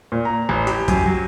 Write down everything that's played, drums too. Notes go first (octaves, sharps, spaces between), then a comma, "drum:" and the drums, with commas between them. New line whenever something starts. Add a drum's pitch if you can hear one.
A#2
A#5
A1
G4, drum: hi-hat
F#2, drum: kick B1, hi-hat
F#3